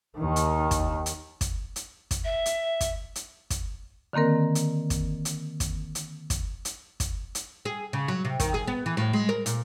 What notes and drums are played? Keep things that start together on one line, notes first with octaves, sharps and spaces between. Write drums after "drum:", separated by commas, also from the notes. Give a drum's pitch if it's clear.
D#2 D#3
drum: hi-hat
drum: kick, hi-hat
drum: hi-hat
drum: kick, hi-hat
drum: hi-hat
drum: kick, hi-hat
E5
drum: hi-hat
drum: kick, hi-hat
drum: hi-hat
drum: kick, hi-hat
D3 D#3 A#3 C4 A#4
drum: hi-hat
drum: kick, hi-hat
drum: hi-hat
drum: kick, hi-hat
drum: hi-hat
drum: kick, hi-hat
drum: hi-hat
drum: kick, hi-hat
drum: hi-hat
G#4
C#3
F#3
C3
D#3, drum: kick, hi-hat
G#4
B3
E3
A2
G#3
A#4
A#2, drum: hi-hat